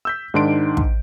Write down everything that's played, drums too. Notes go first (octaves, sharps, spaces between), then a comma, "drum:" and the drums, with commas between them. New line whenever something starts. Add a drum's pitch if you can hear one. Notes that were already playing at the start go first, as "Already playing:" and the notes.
E6 G6 B6
G#2 D#3 D4 C6 D7
drum: kick